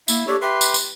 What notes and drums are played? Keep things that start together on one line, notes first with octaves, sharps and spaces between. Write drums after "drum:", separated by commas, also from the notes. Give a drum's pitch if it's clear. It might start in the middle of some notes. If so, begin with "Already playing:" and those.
A#3 E4 E5, drum: tambourine
D4 G4 A4 C#5
G4 B4 E5 C6
drum: tambourine
drum: tambourine